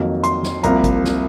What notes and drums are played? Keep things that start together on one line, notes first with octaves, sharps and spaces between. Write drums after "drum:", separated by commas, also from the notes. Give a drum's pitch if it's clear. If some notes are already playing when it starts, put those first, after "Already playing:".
Already playing: F2 D#3 F#3 A#3
C6, drum: hi-hat
drum: snare
C2 C3 F3 A#3 A#5, drum: hi-hat
drum: kick G#1, hi-hat
drum: snare